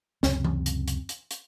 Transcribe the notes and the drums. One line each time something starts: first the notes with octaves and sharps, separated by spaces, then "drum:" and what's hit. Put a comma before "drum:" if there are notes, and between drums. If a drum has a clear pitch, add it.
C#2 F#2 C3, drum: snare
drum: tom E3
drum: hi-hat
drum: hi-hat
drum: hi-hat
drum: hi-hat